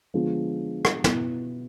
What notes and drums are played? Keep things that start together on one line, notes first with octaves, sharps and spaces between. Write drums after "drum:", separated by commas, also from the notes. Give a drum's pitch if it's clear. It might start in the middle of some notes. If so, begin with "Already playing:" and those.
D3 F3 G#3 B3 F4
drum: rim click
B2 B3 E4, drum: snare